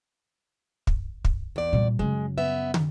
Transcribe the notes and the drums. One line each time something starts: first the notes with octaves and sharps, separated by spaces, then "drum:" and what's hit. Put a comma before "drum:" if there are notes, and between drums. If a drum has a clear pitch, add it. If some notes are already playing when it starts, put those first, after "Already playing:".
drum: kick
drum: kick
E2 D5
A#2 G3
F#2 C#3 G#3
B3 E5
drum: tom